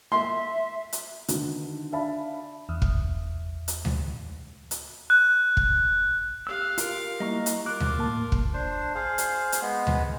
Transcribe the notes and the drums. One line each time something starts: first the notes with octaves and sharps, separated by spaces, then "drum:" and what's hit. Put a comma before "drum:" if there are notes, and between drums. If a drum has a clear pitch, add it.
E5 C6
drum: hi-hat
D3 D#3 F#4 B4, drum: hi-hat
D4 E5 F5 A5 B5
E2
drum: kick
drum: hi-hat
drum: tom D2
drum: hi-hat
F#6
drum: kick
G4 F5 E6 F#6
F4 A#4, drum: hi-hat
G3 A#3 E4 D#5 A#5 C#6
drum: hi-hat
F4 A#4 D6 F#6
drum: tom D2
A2 A#3 A5
drum: kick
D4 C5
G#4 C5 F5
drum: hi-hat
drum: hi-hat
G#3 B3
drum: tom D2